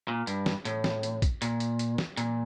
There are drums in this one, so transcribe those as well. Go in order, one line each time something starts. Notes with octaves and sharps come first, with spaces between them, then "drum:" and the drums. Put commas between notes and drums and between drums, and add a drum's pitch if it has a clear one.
A#2
G2, drum: hi-hat
drum: snare
A2, drum: hi-hat
drum: snare
drum: hi-hat
drum: kick, hi-hat
A#2, drum: hi-hat
drum: hi-hat
drum: hi-hat
drum: snare
A#2, drum: hi-hat